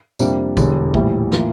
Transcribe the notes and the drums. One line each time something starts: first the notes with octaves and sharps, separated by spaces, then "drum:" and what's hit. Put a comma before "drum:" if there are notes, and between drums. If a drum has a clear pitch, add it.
F2 C3 G3 A#3 D4, drum: tambourine
E1 E2 D3 G3 D4, drum: kick, tambourine
A#1 A2 E3 G3, drum: kick
A2 E3 A#3 F4, drum: snare